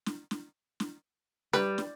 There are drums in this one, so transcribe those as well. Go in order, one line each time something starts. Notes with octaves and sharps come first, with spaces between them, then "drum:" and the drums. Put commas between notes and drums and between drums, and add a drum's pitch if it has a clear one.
drum: snare
drum: snare
drum: snare
G3 B4, drum: snare
drum: snare